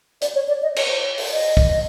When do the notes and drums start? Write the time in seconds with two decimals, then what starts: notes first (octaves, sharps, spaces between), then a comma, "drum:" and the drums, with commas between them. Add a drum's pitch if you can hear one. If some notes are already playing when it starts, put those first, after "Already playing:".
0.21 D5, drum: hi-hat
0.35 C#5
0.49 D5
0.63 D#5
0.76 C#5, drum: cymbal
0.88 C5
1.00 C#5
1.18 drum: open hi-hat
1.31 D#5
1.57 drum: kick